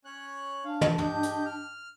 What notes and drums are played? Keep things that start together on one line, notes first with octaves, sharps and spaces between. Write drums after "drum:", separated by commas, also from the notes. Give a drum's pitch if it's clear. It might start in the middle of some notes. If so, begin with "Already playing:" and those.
C#4 C#5 F#6
D4 F5
drum: tom
G4 D#5 G6, drum: tom
drum: hi-hat
F6